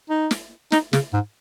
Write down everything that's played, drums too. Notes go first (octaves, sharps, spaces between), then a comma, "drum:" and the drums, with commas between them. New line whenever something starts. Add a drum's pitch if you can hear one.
D#4
drum: snare
D#4, drum: snare
C#3, drum: snare
G#2